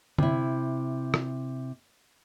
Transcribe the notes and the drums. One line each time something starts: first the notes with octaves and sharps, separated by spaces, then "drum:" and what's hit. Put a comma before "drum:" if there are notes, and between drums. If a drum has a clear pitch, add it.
C3 E4, drum: tom D3
drum: rim click